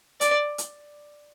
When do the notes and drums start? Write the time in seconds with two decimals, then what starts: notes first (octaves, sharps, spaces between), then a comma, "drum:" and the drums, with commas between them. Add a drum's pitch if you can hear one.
0.21 D5, drum: hi-hat
0.58 drum: hi-hat